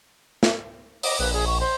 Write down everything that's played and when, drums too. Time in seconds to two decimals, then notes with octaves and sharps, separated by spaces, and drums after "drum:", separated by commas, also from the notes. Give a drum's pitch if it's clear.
0.43 drum: snare
1.03 D#5 D6 D#6, drum: open hi-hat
1.19 A#1 B4
1.33 G#4
1.47 C#6
1.60 C5